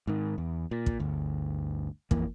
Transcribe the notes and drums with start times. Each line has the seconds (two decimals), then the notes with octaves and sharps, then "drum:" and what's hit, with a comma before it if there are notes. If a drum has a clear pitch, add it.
0.07 G#2 D#3
0.38 E2
0.71 A#2
0.86 drum: kick
1.00 G1 D2
2.11 F2 E3 A#3, drum: kick